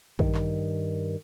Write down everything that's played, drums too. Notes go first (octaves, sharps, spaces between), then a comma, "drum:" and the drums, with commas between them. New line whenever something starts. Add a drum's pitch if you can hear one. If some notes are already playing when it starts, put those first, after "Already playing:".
G2 D#3, drum: kick
drum: clap